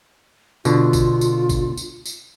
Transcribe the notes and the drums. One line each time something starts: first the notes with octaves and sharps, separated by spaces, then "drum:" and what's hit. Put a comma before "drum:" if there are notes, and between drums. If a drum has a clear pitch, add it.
B2 D3 F4, drum: tambourine
drum: kick, tambourine
drum: tambourine
drum: kick, tambourine
drum: tambourine
drum: tambourine